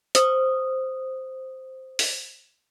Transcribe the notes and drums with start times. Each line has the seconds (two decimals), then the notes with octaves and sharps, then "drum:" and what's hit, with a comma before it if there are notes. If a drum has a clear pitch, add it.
0.15 C5 D#6, drum: hi-hat
1.99 drum: open hi-hat